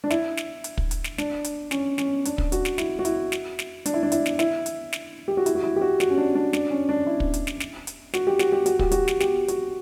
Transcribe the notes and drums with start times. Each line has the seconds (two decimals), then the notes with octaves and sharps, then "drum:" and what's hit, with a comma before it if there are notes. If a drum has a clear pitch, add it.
0.04 D4
0.10 E4, drum: snare
0.37 drum: snare
0.64 drum: hi-hat
0.78 drum: kick
0.91 drum: hi-hat
1.04 drum: snare
1.18 D4, drum: snare
1.44 drum: hi-hat
1.71 C#4, drum: snare
1.98 C#4, drum: snare
2.25 D4, drum: hi-hat
2.38 drum: kick
2.52 F#4, drum: hi-hat
2.65 drum: snare
2.78 E4, drum: snare
2.99 F#4
3.05 E4, drum: hi-hat
3.32 drum: snare
3.59 drum: snare
3.86 D4, drum: hi-hat
3.94 E4
4.03 D4
4.12 E4, drum: hi-hat
4.26 drum: snare
4.39 E4, drum: snare
4.66 drum: hi-hat
4.93 drum: snare
5.28 G4
5.37 F#4
5.46 E4, drum: hi-hat
5.55 F#4
5.63 E4
5.76 G4
5.81 F#4
6.00 F#4, drum: snare
6.10 C#4
6.18 D4
6.35 D4
6.53 D4, drum: snare
6.70 C#4
6.89 D4
7.07 E4
7.20 drum: kick
7.34 drum: hi-hat
7.47 drum: snare
7.60 drum: snare
7.87 drum: hi-hat
8.14 F#4, drum: snare
8.27 G4
8.39 F#4, drum: snare
8.52 G4
8.66 F#4, drum: hi-hat
8.79 G4, drum: kick
8.91 F#4, drum: hi-hat
9.08 drum: snare
9.20 G4, drum: snare
9.48 F#4, drum: hi-hat